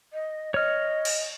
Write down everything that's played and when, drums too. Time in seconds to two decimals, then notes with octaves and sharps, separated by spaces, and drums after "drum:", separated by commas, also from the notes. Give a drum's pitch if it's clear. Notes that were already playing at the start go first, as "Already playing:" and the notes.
0.12 D#5
0.54 C#5 D#5 F6
1.05 drum: cymbal